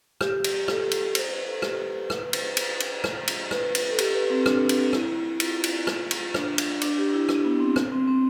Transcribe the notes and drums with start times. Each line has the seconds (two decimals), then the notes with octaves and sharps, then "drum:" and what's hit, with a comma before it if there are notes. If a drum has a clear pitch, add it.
0.21 G4, drum: rim click
0.44 drum: cymbal
0.68 A4, drum: rim click
0.91 drum: cymbal
1.15 C5, drum: cymbal
1.31 B4
1.47 A4
1.62 G4, drum: rim click
2.10 B4, drum: rim click
2.33 C5, drum: cymbal
2.57 drum: cymbal
2.80 drum: cymbal
3.04 drum: rim click
3.28 drum: cymbal
3.51 B4, drum: rim click
3.75 drum: cymbal
3.90 A4
3.98 G4, drum: cymbal
4.14 B4
4.30 C4
4.46 D4, drum: rim click
4.69 drum: cymbal
4.93 E4, drum: rim click
5.09 E4
5.25 E4
5.40 F4, drum: cymbal
5.64 drum: cymbal
5.87 drum: rim click
6.11 drum: cymbal
6.34 D4, drum: rim click
6.58 drum: cymbal
6.81 D4, drum: cymbal
6.98 G4
7.13 E4
7.29 D4, drum: rim click
7.45 B3
7.60 C4
7.76 drum: rim click
7.92 C4
8.08 C4